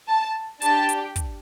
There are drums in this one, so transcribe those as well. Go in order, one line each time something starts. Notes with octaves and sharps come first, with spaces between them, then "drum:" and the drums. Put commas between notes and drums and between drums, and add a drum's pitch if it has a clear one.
A5
D4 G4 A5, drum: hi-hat
drum: hi-hat
drum: kick, hi-hat